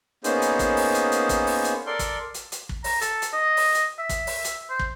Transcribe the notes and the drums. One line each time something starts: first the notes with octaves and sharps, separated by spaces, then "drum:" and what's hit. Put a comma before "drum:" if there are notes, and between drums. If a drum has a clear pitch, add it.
A#3 B3 C#4 D#4 G#4 C5, drum: hi-hat
drum: hi-hat
drum: kick, hi-hat
drum: open hi-hat
drum: hi-hat
drum: hi-hat
drum: kick, hi-hat
drum: open hi-hat
drum: hi-hat
A4 A#4 D5 C6
drum: kick, hi-hat
drum: hi-hat
drum: hi-hat
drum: kick
A#5, drum: open hi-hat
A4, drum: hi-hat
drum: hi-hat
D#5
drum: open hi-hat
drum: hi-hat
E5
drum: kick, hi-hat
drum: open hi-hat
drum: hi-hat
C5
drum: kick